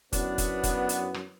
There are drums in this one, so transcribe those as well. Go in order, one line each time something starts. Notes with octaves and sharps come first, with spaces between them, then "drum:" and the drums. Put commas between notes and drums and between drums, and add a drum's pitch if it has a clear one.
F#2 B3 D4 E4 F#4, drum: kick, hi-hat
drum: kick, hi-hat
drum: kick, hi-hat
drum: hi-hat
drum: rim click